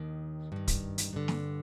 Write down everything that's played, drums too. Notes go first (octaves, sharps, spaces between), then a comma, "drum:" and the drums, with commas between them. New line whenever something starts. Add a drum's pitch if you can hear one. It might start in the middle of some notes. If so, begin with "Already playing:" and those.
Already playing: D#2 D#3
G2 D#3
drum: kick, hi-hat
drum: hi-hat
G2 D3
drum: snare